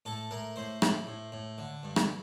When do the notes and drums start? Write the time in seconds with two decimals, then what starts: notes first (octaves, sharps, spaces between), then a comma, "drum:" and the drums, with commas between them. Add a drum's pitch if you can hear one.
0.05 A2 A4
0.31 A2 A#4
0.56 A2 C5
0.82 A2, drum: rim click
1.07 A2
1.32 A2
1.58 D3
1.83 G2
1.96 drum: rim click